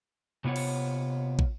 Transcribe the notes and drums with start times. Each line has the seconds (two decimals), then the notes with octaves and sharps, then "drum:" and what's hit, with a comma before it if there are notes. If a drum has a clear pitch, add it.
0.44 C3 B3 F4 C#5 F#5
0.56 drum: cymbal
1.39 drum: kick